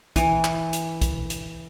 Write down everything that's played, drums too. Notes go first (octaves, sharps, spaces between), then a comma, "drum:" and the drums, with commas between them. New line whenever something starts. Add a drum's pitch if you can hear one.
E3 G#5, drum: kick, hi-hat
drum: clap
drum: hi-hat
drum: kick, hi-hat
drum: hi-hat